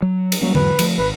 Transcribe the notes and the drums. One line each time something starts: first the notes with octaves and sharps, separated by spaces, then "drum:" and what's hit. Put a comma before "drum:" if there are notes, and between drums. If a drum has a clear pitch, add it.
F#3
drum: cymbal
F#3 G3 A#3 C#4
E2 G#2 F#3 B4, drum: tom D3
F3 A3, drum: cymbal
G#1 B4